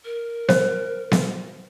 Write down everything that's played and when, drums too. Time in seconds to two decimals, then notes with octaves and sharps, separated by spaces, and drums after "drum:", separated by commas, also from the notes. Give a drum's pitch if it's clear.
0.05 A#4
0.49 C5, drum: snare B3
1.11 drum: snare B3